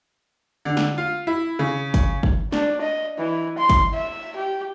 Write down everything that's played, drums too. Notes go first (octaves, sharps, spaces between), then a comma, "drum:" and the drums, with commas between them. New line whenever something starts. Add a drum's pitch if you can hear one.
D3
drum: snare
F4
E4
C#3
drum: kick, hi-hat
drum: kick
D4, drum: snare
D#5
E3
C6
drum: kick, hi-hat
E5
G4